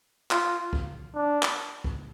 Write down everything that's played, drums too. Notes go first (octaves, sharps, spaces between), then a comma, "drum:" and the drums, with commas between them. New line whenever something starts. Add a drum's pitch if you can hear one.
F4, drum: clap
drum: kick C#2
D4
drum: clap
drum: kick C#2